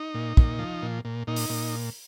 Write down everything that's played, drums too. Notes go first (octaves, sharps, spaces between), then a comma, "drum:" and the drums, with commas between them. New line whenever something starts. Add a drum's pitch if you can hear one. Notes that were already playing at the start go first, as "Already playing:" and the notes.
Already playing: D#4
A#2
A#2, drum: kick
F3
A#2
A#2
A#2 D#4
drum: open hi-hat
A#2